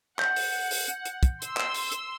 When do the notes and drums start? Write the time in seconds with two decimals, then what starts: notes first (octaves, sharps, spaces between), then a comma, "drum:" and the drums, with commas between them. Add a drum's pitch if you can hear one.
0.19 F#5 G6, drum: clap
0.36 drum: open hi-hat
0.71 drum: open hi-hat
0.88 drum: hi-hat
1.05 drum: hi-hat
1.23 drum: kick, hi-hat
1.42 C6 E6, drum: hi-hat
1.57 drum: clap
1.74 drum: open hi-hat
1.92 drum: hi-hat